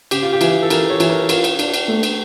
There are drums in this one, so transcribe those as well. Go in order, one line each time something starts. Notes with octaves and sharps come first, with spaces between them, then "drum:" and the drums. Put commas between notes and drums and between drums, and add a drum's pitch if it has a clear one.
C#3 G4, drum: cymbal
F4
G4
E3, drum: cymbal
A4
E3 A#4, drum: cymbal
C#5
E3, drum: cymbal
A#4
A4
F4 A#4, drum: cymbal
drum: cymbal
D4, drum: cymbal
drum: cymbal
A3
drum: cymbal